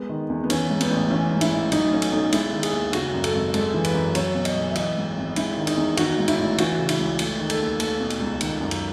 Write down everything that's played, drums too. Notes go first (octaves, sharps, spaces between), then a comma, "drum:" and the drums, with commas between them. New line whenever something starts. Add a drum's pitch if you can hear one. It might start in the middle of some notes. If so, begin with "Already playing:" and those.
Already playing: G#3 B3
D#3
E2
B3
E3 C#4, drum: cymbal
G#2
B3, drum: cymbal
A1
E3 C#4
G#2
E4, drum: cymbal
A1
F#3 D#4, drum: cymbal
A2 C#4
drum: cymbal
B1 D#4
G#3 E4, drum: cymbal
D#3
G#4, drum: cymbal
D#2
C#3 F#4, drum: cymbal
F#2
A4, drum: cymbal
G#1
G#3 A4, drum: cymbal
E3
B4, drum: cymbal
F#2
F#3 C#5, drum: cymbal
B2
D#5, drum: cymbal
B1
E5
E3 D#5, drum: cymbal
G#2
G#1
G#3 E4, drum: cymbal
D#3
D#4, drum: cymbal
E2
D#3 F#4, drum: cymbal
G#2
E4, drum: cymbal
A1
E3 F#4, drum: cymbal
C#3
E4, drum: cymbal
C#2
A3, drum: cymbal
D#3
A4, drum: cymbal
D#2
A3 A4, drum: cymbal
B2
drum: cymbal
C#2
D#3, drum: cymbal
F#2
drum: cymbal